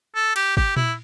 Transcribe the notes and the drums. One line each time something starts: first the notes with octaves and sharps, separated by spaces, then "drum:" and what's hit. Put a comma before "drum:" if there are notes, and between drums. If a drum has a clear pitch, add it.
A4
G4, drum: cymbal
G4, drum: kick
E4, drum: tom A#2